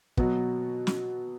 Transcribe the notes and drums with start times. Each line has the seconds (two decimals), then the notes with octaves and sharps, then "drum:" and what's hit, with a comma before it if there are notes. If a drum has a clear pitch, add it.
0.17 B2 F#3 B3 F#4, drum: kick
0.87 drum: snare